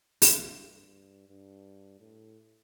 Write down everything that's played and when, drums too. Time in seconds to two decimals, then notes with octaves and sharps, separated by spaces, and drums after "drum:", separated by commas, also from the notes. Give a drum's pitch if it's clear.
0.22 G2, drum: open hi-hat
0.57 G2
1.28 G2
2.00 A2